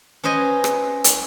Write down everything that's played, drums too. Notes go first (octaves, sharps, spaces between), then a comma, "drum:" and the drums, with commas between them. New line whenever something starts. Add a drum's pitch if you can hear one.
C#4 B4 C5 D#5 G#5
drum: rim click
drum: hi-hat